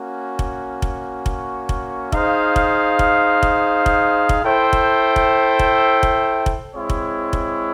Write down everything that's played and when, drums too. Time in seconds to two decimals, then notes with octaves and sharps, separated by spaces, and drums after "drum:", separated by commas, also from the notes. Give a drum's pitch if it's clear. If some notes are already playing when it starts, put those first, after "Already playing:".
Already playing: A#3 C#4 F#4
0.39 drum: kick F1
0.82 drum: kick F1
1.26 drum: kick F1
1.69 drum: kick F1
2.12 D#4 G#4 C5 F5, drum: kick F1
2.56 drum: kick F1
2.99 drum: kick F1
3.43 drum: kick F1
3.86 drum: kick F1
4.29 drum: kick F1
4.44 E4 A4 C5 E5 G5
4.73 drum: kick F1
5.16 drum: kick F1
5.59 drum: kick F1
6.03 drum: kick F1
6.46 drum: kick F1
6.75 G#3 C4 E4 G#4 C#5
6.90 drum: kick F1
7.33 drum: kick F1